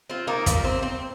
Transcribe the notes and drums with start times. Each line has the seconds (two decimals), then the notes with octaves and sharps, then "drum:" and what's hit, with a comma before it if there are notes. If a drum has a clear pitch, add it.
0.10 C4 F4
0.27 A#3 D#4
0.46 A#2 G3 A#3 C4, drum: kick, hi-hat
0.65 C4
0.83 C4